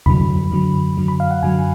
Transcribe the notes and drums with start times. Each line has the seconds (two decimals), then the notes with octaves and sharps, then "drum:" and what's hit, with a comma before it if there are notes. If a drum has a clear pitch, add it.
0.06 F#2 D3 F#3 B5, drum: tom E2
0.51 F#2 D3 F#3
0.97 F#2 D3 F#3
1.08 B5
1.20 F5
1.31 F#5
1.43 F#2 D3 F#3 G#5